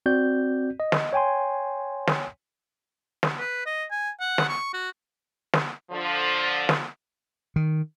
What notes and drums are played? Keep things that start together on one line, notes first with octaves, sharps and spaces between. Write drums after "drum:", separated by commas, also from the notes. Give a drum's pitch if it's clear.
C4 F#4 D5 G6
D#5
drum: snare
C#5 G5 G#5 C6
drum: snare
drum: snare
B4
D#5
G#5
F#5
drum: snare
C#6
F#4
drum: snare
D3 F3
drum: snare
D#3